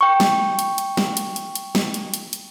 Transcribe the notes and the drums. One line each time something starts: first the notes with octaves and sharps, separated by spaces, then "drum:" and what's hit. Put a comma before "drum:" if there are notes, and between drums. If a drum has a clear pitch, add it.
G5 C#6
drum: snare
drum: hi-hat
drum: hi-hat
drum: snare
drum: hi-hat
drum: hi-hat
drum: hi-hat
drum: snare
drum: hi-hat
drum: hi-hat
drum: hi-hat